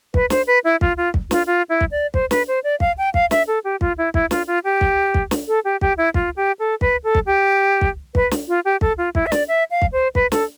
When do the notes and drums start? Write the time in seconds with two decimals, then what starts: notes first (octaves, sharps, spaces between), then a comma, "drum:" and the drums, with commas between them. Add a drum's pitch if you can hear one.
0.14 B4, drum: kick
0.30 C5, drum: snare
0.47 B4
0.64 E4
0.81 F4, drum: kick
0.97 F4
1.14 drum: kick
1.31 F4, drum: snare
1.47 F4
1.69 E4
1.81 drum: kick
1.91 D5
2.14 C5, drum: kick
2.31 B4, drum: snare
2.48 C5
2.64 D5
2.80 F5, drum: kick
2.98 G5
3.14 F5, drum: kick
3.31 E5, drum: snare
3.47 A4
3.64 G4
3.81 F4, drum: kick
3.98 E4
4.14 E4, drum: kick
4.31 F4, drum: snare
4.47 F4
4.64 G4
4.81 drum: kick
5.14 drum: kick
5.31 drum: snare
5.48 A4
5.65 G4
5.81 G4, drum: kick
5.98 E4
6.14 F4, drum: kick
6.36 G4
6.59 A4
6.81 B4, drum: kick
7.04 A4
7.15 drum: kick
7.26 G4
7.81 drum: kick
8.15 B4, drum: kick
8.31 drum: snare
8.48 F4
8.65 G4
8.81 A4, drum: kick
8.98 F4
9.15 E4, drum: kick
9.26 E5
9.32 D5, drum: snare
9.48 E5
9.71 F5
9.82 drum: kick
9.93 C5
10.15 B4, drum: kick
10.32 A4, drum: snare